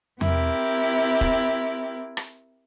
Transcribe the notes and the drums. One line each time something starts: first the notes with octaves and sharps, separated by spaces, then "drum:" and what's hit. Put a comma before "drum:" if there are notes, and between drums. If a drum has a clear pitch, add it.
C4 E4 G4 A#4, drum: tom E2
drum: kick
drum: rim click